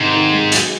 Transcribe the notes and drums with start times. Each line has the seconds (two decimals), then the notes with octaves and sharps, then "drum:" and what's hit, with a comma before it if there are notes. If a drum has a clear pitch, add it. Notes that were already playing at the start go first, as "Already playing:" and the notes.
Already playing: G#2 C3 D#3 G#3 D#4
0.14 D#3
0.33 G#3
0.52 F#3, drum: hi-hat